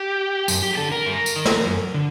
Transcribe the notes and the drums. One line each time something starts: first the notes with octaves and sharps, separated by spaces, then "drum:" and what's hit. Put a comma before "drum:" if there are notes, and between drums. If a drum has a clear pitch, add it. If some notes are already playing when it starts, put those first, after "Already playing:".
Already playing: G4
F#2, drum: tambourine
G4
G4
D3 A4
A#4
G2
drum: tambourine
D#3
drum: snare
F#2
D3